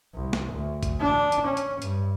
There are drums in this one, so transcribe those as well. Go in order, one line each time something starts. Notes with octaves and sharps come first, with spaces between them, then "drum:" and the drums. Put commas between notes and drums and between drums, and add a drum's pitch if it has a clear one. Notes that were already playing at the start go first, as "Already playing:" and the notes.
C2
drum: snare
D2
drum: kick A1, hi-hat
D4
drum: hi-hat
C#4
drum: hi-hat
G2, drum: hi-hat